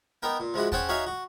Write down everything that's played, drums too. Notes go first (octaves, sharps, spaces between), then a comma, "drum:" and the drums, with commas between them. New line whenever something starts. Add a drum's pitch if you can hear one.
B3 D#4 A#4 G5
A#2
F3 G#3 E4 F#4
C#4 G#4 C5 F#5 G5 A5, drum: kick
D#4 F#4 C#5 E5 F5 G#5
F#4